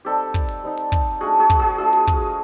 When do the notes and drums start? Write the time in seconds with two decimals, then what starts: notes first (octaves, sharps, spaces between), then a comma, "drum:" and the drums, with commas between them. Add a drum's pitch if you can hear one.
0.05 G3 C4 D#4 G4 A4
0.34 drum: kick
0.49 drum: hi-hat
0.63 G3 C4 D#4
0.78 drum: hi-hat
0.92 drum: kick
1.21 A3 D4 F4 F#4 G#4
1.39 F#4 G#4
1.50 drum: kick
1.59 F#4 G#4
1.78 A3 D4 F4 F#4 G#4
1.93 drum: hi-hat
2.07 drum: kick